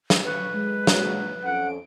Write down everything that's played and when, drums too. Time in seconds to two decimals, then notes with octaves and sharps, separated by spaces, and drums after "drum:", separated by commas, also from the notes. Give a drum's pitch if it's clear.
0.10 drum: snare
0.24 B4 C#6
0.54 G#3
0.87 A#2 F#3, drum: snare
1.45 F2 C#4 A4 F#5 D7